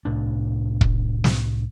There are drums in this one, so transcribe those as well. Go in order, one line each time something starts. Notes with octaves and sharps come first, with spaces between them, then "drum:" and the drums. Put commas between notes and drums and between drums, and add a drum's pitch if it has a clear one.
C2 A2 D4
drum: kick
drum: snare